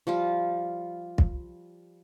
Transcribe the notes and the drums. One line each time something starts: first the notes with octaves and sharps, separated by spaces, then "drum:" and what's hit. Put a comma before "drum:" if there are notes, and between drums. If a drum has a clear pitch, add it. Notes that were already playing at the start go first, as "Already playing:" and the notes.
F3 G3 F4
drum: kick